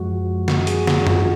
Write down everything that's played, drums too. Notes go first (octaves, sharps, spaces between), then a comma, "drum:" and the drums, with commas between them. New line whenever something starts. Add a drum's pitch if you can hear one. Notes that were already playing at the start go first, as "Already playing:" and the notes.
Already playing: F#2 F3 G#3 F#4
F#4, drum: snare
G#4, drum: hi-hat
F#4, drum: snare
F#4
F4, drum: tom